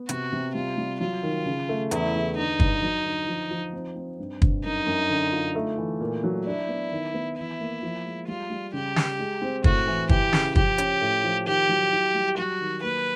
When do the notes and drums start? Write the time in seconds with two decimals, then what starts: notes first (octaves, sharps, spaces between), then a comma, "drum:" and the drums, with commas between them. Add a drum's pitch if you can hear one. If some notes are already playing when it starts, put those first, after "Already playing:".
Already playing: B3
0.09 C3 F#4, drum: hi-hat
0.33 C3
0.55 G3 F4
0.77 G3
1.01 F#3 F4
1.23 D#3
1.46 C#3
1.69 A3
1.91 E2 E4, drum: hi-hat
2.14 E2
2.37 D3 D#4
2.60 G2, drum: kick
2.83 F#3
3.05 D3
3.28 F3
3.51 F3
3.73 C4
3.96 C4
4.19 G2
4.42 G2, drum: kick
4.65 F#2 D#4
4.87 F#2
5.10 D3
5.32 F4
5.55 A3
5.78 E3
6.00 A#2
6.24 F#3
6.46 D4 E4
6.69 B3
6.91 D#3
7.14 B3
7.37 E3 E4
7.60 A#3
7.83 F3
8.06 G#3
8.28 G3 F4
8.50 G3
8.73 C#3 G4
8.96 C#3, drum: snare
9.19 G#3
9.42 C4
9.64 A2 F#4, drum: kick
9.87 E3
10.09 E3 G4, drum: kick
10.33 C#3, drum: snare
10.56 F3 G4, drum: kick
10.78 C#4, drum: hi-hat
11.01 A2
11.24 F3
11.46 D#3 G4
11.69 F#3
11.92 E4
12.15 G3
12.37 F#3 F#4
12.61 D#3
12.83 A#3 B4